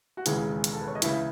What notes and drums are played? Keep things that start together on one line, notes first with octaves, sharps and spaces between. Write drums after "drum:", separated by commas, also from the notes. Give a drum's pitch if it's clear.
F#4
E1 D#2 C#3 E3 G#3 G#4, drum: hi-hat
drum: hi-hat
A4
B4
C#5
D#5
C#2 C#3 E3 E4 E5, drum: hi-hat